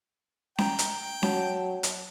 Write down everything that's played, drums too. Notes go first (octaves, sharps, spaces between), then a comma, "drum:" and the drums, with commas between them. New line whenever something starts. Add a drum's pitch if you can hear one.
G5 A#5, drum: snare C#4
drum: hi-hat
F#3 A5, drum: snare C#4
drum: hi-hat